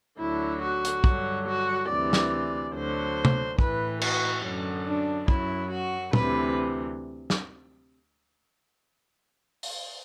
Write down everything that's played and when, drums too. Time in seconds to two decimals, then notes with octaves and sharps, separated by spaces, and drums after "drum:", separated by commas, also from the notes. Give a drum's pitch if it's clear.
0.18 D2 D3 F#3 E4
0.61 F#4
0.85 drum: hi-hat
1.04 G2 D3 F#3, drum: kick
1.47 F#4
1.88 D2 C3 E3 D5
2.13 drum: snare
2.74 D2 D3 F#3 C5
3.25 drum: tom
3.59 A2 E3 B4, drum: kick
4.01 F#4, drum: cymbal
4.44 F#2 D3 F#3
4.86 D4
5.28 F#2 F#3 E4, drum: kick
5.71 F#4
6.13 D2 C3 E3 B4, drum: tom
7.30 drum: snare
9.63 drum: open hi-hat